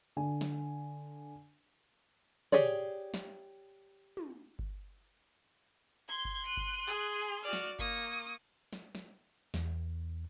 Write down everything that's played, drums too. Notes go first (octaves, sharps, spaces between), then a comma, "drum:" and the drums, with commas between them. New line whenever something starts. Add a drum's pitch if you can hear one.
D3 G#5
drum: snare
G4 G#4 C#5 D5, drum: tom
drum: snare
drum: tom
drum: kick G1
C6 G6 G#6
drum: kick G1
F#6 D#7
drum: kick G1
G#4
drum: cymbal
F#4 D5 F6
drum: snare
A#3 C#6 D#6, drum: kick G1
drum: snare
drum: snare
E2, drum: snare